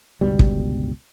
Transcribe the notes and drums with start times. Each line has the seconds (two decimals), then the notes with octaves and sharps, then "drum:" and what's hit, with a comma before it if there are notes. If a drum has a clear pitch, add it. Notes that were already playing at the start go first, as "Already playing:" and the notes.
0.21 G1 C#2 B2 G3
0.39 drum: kick